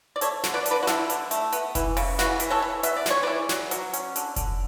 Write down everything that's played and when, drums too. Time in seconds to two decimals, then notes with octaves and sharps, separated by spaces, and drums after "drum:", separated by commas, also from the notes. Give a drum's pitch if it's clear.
0.16 D5
0.21 A3 A4 C#5, drum: hi-hat
0.44 D3, drum: snare
0.54 B4 D5
0.66 D3, drum: hi-hat
0.71 B4 D5
0.83 F#4
0.87 D3 E4, drum: snare
1.10 D3, drum: hi-hat
1.31 A3, drum: hi-hat
1.52 B3, drum: hi-hat
1.75 E3, drum: kick F1, hi-hat
1.97 C#3, drum: open hi-hat
2.19 E3 F#4, drum: snare
2.40 E3, drum: hi-hat
2.50 A4 C#5
2.62 E3
2.83 B3 E5, drum: hi-hat
2.97 D5
3.06 G#3 C#5, drum: snare
3.23 E3 B4 D5
3.49 F#3, drum: snare
3.71 F#3, drum: hi-hat
3.93 C#4, drum: hi-hat
4.16 D3, drum: hi-hat
4.36 D3, drum: kick F1, hi-hat